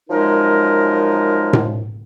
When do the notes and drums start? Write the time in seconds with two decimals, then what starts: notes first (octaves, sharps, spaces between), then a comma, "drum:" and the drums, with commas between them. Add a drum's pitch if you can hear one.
0.10 F#2 F3 G#3 D#4 A#4
1.53 drum: tom A2